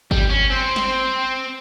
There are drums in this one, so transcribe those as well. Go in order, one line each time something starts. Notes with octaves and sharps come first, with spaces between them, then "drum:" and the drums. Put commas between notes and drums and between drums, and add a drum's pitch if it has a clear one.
G3, drum: kick G1
C#4
C4 C5
drum: snare